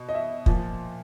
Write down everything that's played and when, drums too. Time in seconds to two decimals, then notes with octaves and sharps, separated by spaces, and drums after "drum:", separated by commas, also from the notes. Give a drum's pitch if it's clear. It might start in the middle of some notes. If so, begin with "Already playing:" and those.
Already playing: B2
0.09 D#5
0.15 E5
0.46 A#2 F3, drum: kick